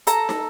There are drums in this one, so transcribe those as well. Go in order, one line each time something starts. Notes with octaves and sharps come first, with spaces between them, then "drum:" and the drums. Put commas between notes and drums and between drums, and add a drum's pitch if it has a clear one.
A4 A#5, drum: hi-hat
drum: snare